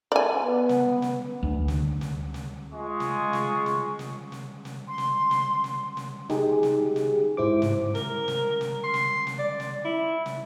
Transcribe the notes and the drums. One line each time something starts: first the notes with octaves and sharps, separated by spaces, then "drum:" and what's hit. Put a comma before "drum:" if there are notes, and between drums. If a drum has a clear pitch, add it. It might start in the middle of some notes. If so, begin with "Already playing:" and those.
D5 G#5
B3
drum: snare
drum: snare
D2
drum: snare
drum: snare
drum: snare
G#3 F4 G#4 D#5 C#6
drum: snare
drum: snare
drum: snare
drum: snare
drum: snare
drum: snare
C6
drum: snare
drum: snare
drum: snare
drum: snare
D#4 G4 G#4, drum: snare
drum: snare
drum: snare
G#2 E4 C5 D6
drum: snare
A#4, drum: snare
drum: snare
drum: snare
C6
drum: snare
drum: snare
D5
drum: snare
E4
drum: snare